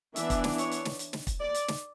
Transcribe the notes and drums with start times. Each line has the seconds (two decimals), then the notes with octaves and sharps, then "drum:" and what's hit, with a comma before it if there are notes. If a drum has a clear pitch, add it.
0.16 E3 B3 D4 E5, drum: hi-hat
0.30 drum: kick, hi-hat
0.44 drum: snare
0.58 C#5, drum: hi-hat
0.71 drum: hi-hat
0.85 drum: snare
0.99 drum: hi-hat
1.13 drum: snare
1.27 drum: kick, hi-hat
1.41 D5
1.54 drum: hi-hat
1.68 drum: snare